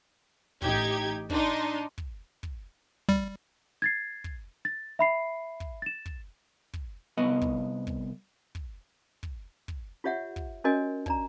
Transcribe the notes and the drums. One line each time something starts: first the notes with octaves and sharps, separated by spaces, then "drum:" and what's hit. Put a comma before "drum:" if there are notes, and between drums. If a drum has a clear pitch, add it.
A1 D#4 G4 G5 G#6, drum: kick
D4 D#4 C6, drum: kick
drum: kick
drum: kick
G3, drum: kick
G#6 A6 C7
drum: kick
A6
E5 B5 C7
drum: kick
A6 E7
drum: kick
drum: kick
C2 B3 D#5
drum: kick
drum: kick
drum: kick
drum: kick
drum: kick
F4 G4 C#5 E5 F#5
drum: kick
C#4 F#4 A#4 C#5 D#5 G#5
D4 D5 A#5, drum: kick